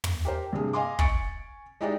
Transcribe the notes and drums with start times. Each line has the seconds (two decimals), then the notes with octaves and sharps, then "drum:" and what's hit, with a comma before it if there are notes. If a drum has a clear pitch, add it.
0.04 drum: tom
0.25 G4 A#4 C5
0.53 G2 C3 G#4
0.73 D#5 F5 G#5 C6 D6
0.99 G#5 C#6 A6 C#7 D7, drum: kick
1.81 G#3 D#4 E4 G4 D5 D#5